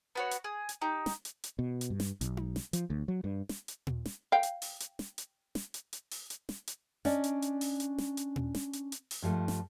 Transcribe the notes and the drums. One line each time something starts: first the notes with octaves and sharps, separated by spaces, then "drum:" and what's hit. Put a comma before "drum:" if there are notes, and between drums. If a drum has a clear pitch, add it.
B3 F#4 C#5
drum: hi-hat
G#4
drum: hi-hat
D#4 G4
drum: snare
drum: hi-hat
drum: hi-hat
B2
drum: hi-hat
G2
drum: snare
B1, drum: hi-hat
drum: tom D#4
drum: snare
F3, drum: hi-hat
D2
F#3
G2
drum: snare
drum: hi-hat
drum: tom A#2
drum: snare
F5 G5
drum: hi-hat
drum: open hi-hat
drum: hi-hat
drum: snare
drum: hi-hat
drum: snare
drum: hi-hat
drum: hi-hat
drum: open hi-hat
drum: hi-hat
drum: snare
drum: hi-hat
C#4 D4 D5 D#5, drum: snare
drum: hi-hat
drum: hi-hat
drum: open hi-hat
drum: hi-hat
drum: snare
drum: hi-hat
drum: tom A#2
drum: snare
drum: hi-hat
drum: hi-hat
drum: open hi-hat
G2 F3 G#3 A3
drum: snare